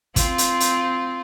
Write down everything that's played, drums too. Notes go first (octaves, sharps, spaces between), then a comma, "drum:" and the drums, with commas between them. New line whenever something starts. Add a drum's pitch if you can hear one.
C4 F4, drum: kick, hi-hat
drum: hi-hat
drum: hi-hat